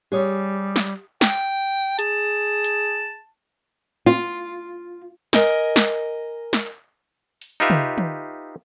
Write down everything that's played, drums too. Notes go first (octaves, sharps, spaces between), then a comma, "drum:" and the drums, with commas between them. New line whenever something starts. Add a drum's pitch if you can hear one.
G3 G4 G#4 C#5 D#6
drum: snare
G5, drum: snare
G#4 A5, drum: hi-hat
drum: hi-hat
F4
A#4 D#5 G#5, drum: snare
drum: snare
drum: snare
drum: open hi-hat
D#4 F4 G4 B4 E5 F5
drum: tom
drum: tom